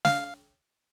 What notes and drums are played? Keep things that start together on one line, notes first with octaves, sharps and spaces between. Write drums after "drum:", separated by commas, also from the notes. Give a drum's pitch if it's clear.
F5, drum: snare